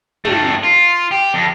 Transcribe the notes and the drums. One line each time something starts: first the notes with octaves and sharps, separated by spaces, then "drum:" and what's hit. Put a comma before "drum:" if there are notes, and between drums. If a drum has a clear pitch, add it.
G2 A3, drum: tom
F4
G4
F2